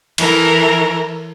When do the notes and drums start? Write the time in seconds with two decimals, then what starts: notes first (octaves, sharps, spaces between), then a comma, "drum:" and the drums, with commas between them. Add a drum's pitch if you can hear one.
0.18 E3 E4 A4 A#4, drum: cymbal